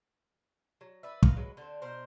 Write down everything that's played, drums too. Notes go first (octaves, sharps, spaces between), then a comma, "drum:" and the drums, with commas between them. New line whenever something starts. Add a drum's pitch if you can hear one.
F#3
B4 D5 E5
D#4 F#4 B4 F5, drum: kick
F#3 G#3 B4
D3 C4
B2 A#4 C5